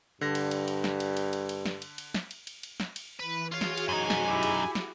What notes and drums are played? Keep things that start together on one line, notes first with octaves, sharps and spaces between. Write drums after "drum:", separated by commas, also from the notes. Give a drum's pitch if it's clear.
G2 D3 A#6
drum: cymbal
drum: cymbal
drum: cymbal
drum: snare
drum: cymbal
drum: cymbal
drum: cymbal
drum: cymbal
drum: snare
drum: cymbal
drum: cymbal
drum: snare
drum: cymbal
drum: cymbal
drum: cymbal
drum: snare
drum: cymbal
E3 B4
F4 F#4 G#4 C#5 F5
drum: snare
drum: cymbal
F#2 D#4 G#5
drum: snare
E4 G4
drum: cymbal
drum: snare